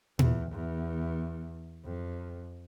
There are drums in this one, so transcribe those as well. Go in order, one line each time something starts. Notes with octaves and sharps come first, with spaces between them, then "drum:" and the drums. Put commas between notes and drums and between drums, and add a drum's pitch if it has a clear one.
E2, drum: tom A#2
E2
F2